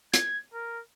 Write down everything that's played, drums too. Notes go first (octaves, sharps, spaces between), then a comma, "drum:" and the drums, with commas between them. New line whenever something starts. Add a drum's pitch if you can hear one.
G#6, drum: hi-hat
A#4